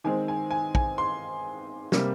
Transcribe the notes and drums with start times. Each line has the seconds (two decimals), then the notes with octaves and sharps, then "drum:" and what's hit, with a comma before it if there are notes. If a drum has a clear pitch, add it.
0.04 D#3 G#3 C4 G#5
0.28 G#5
0.51 G#5
0.75 G#5, drum: kick
0.98 C6
1.92 C3 G3 A#3, drum: snare